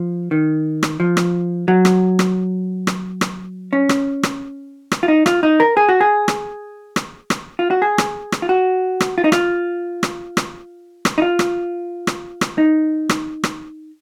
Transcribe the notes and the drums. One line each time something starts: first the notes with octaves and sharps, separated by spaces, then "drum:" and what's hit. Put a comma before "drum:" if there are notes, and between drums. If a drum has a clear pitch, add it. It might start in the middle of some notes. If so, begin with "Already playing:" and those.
Already playing: F3
D#3
drum: rim click
F3
drum: rim click
F#3
drum: rim click
drum: rim click
drum: rim click
drum: rim click
C#4
drum: rim click
drum: rim click
drum: rim click
F4
D#4
F4, drum: rim click
D#4
A#4
G#4
F#4
G#4
drum: rim click
drum: rim click
drum: rim click
F4
F#4
G#4
drum: rim click
drum: rim click
F4
F#4
drum: rim click
F4
D#4
F4, drum: rim click
drum: rim click
drum: rim click
drum: rim click
D#4
F4
drum: rim click
drum: rim click
drum: rim click
D#4
drum: rim click
drum: rim click